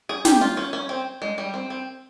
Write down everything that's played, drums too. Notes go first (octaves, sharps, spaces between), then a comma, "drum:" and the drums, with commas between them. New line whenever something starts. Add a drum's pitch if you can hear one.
G#4
G4, drum: snare
F4
C#4
C#4
C4
G#3
G3
C4
C4